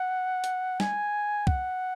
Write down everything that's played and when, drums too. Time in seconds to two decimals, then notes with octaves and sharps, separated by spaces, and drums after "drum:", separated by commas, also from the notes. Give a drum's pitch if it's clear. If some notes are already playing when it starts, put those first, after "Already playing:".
Already playing: F#5
0.44 drum: hi-hat
0.80 G#5, drum: snare
1.47 F#5, drum: kick